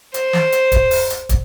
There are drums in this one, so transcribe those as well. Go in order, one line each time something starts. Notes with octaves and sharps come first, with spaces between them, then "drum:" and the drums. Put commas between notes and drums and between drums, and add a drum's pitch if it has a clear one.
C5, drum: hi-hat
drum: snare
drum: hi-hat
drum: kick, hi-hat
drum: open hi-hat
drum: hi-hat
drum: kick, hi-hat